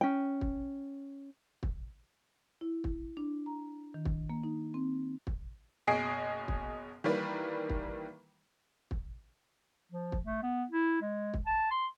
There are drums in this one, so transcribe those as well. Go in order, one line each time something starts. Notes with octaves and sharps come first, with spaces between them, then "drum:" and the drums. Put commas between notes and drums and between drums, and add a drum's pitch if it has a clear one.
C#4 G5
drum: kick
drum: kick
E4
drum: kick
D4
A#5
D#3
drum: kick
A#3
D#4
C4
drum: kick
F#1 B2 G#4 D#5 C7 D7
drum: kick
D#3 E3 G3 A#3 B4
drum: kick
drum: kick
F3
drum: kick
A3
B3
E4
G#3
drum: kick
A5
C6